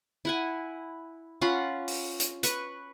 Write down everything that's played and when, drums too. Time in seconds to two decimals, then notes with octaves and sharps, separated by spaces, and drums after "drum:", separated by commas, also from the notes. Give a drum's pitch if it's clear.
0.25 E4 F#5 G#5
1.41 C#4 F4 F#5 B5
1.88 drum: open hi-hat
2.20 drum: hi-hat
2.43 B4 C#6, drum: hi-hat